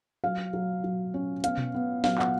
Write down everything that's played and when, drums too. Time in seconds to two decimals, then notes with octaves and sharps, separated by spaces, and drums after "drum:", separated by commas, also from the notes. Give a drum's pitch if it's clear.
0.24 F#3 F5
0.53 F#3
0.84 F#3
1.14 C#4
1.44 B3 F5, drum: hi-hat
1.58 drum: tom B2
1.74 B3
2.04 F#3 F5, drum: snare
2.19 F#5, drum: clap